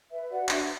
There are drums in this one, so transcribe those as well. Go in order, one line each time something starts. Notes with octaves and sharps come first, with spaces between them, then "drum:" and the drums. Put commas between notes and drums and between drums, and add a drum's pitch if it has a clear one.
B4 E5
F#4 D5 F#5
D4 E5, drum: clap